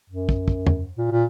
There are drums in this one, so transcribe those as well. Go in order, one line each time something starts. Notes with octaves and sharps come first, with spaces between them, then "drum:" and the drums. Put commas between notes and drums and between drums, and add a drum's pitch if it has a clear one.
F#2
drum: kick
drum: kick
drum: tom E2
A#2
A#2